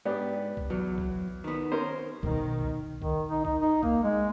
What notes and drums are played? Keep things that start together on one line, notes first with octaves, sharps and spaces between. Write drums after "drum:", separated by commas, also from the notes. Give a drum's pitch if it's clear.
G#2 B3 D4 G4
drum: kick B1
E2 F#3
drum: kick B1
D#3 B3
C#4 A#4 C5
B2 D#3, drum: kick B1
drum: kick B1
D#3, drum: kick B1
D#4
D#4, drum: kick B1
D#4
A#3, drum: kick B1
G#3